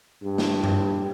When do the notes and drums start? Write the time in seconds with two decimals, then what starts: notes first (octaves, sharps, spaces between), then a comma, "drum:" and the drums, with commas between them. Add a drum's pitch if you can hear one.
0.24 G2
0.38 drum: snare
0.64 drum: tom G2